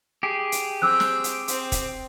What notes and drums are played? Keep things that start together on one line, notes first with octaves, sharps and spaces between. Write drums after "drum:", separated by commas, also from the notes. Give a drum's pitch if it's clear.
G4 G#4
drum: hi-hat
C4 G5 D6 E6 F#6
drum: snare
drum: hi-hat
C4, drum: hi-hat
drum: kick, hi-hat